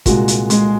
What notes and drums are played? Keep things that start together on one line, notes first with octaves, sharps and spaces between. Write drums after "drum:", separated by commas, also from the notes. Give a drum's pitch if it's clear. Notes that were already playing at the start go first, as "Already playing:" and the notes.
C2 A#2 G#3 F#4, drum: kick, hi-hat
drum: hi-hat
G#3 G#4, drum: hi-hat